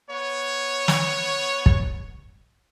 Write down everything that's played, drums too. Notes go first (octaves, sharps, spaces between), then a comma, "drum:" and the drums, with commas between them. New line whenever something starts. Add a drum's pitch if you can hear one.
B3 C#5
drum: snare
drum: kick